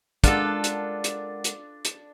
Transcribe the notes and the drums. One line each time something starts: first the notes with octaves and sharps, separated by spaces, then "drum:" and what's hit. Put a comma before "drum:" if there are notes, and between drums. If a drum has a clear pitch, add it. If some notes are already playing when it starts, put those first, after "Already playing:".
G#3 D4 F4 A4 A#4 F#5, drum: kick, hi-hat
drum: hi-hat
drum: hi-hat
drum: hi-hat
drum: hi-hat